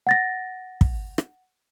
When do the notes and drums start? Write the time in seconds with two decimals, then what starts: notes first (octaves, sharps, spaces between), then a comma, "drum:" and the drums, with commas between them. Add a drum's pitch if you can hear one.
0.07 F#5 A6 A#6
0.81 drum: kick
1.18 drum: rim click